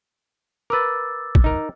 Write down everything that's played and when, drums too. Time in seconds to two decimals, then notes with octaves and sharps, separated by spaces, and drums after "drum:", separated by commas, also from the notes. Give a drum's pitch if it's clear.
0.70 A#4 B4 D6 E6 A6
1.35 drum: kick
1.44 D#4 A#4